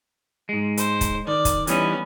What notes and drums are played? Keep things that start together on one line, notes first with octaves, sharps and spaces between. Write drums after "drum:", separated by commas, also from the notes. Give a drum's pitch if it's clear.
G#2 G#3
C5, drum: hi-hat
drum: kick, hi-hat
D#3 D5
drum: kick, hi-hat
E3 G3 B3 C#4 D#4, drum: hi-hat